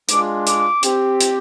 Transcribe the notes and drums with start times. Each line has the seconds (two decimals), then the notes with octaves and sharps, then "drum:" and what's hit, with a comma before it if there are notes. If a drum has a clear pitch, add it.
0.09 G#3 D4 F4 D6, drum: hi-hat
0.47 D6, drum: hi-hat
0.83 C4 G4, drum: hi-hat
1.21 drum: hi-hat